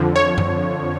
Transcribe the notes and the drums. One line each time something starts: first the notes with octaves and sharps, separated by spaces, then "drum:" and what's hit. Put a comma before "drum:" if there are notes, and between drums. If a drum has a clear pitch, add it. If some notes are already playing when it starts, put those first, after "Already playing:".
Already playing: F2 D3 F3
C#5
drum: tom F#2